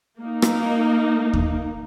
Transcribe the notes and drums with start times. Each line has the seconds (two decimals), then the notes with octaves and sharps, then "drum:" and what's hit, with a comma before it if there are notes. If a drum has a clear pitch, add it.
0.20 A#3 D#4
0.42 drum: rim click
1.33 drum: kick D#2